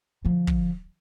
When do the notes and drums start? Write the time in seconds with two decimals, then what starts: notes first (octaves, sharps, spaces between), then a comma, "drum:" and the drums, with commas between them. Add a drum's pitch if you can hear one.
0.25 D3 F3
0.47 drum: kick